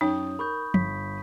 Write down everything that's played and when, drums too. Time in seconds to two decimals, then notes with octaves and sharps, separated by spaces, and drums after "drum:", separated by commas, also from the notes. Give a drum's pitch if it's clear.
0.01 F#2 D#4 C#5 G5 D#6
0.39 A#4 B5 C#6 G6
0.74 G1 B6, drum: tom